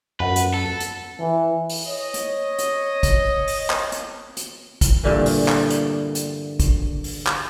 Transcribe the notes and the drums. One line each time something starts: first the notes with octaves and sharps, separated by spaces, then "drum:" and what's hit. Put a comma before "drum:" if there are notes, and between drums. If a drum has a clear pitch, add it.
F#2 F4 B4 F#5
drum: hi-hat
A4 A5
drum: hi-hat
E3
drum: open hi-hat
C#5 D#5
drum: hi-hat
drum: hi-hat
drum: kick, hi-hat
drum: open hi-hat
drum: clap
drum: hi-hat
drum: hi-hat
drum: kick, hi-hat
G2 A#2 D3 E3
drum: open hi-hat
drum: clap
drum: hi-hat
drum: hi-hat
drum: kick, hi-hat
drum: open hi-hat
drum: clap